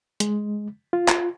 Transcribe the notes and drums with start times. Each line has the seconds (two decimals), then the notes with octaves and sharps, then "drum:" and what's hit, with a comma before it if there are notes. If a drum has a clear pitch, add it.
0.20 G#3, drum: hi-hat
0.93 F4
1.08 drum: clap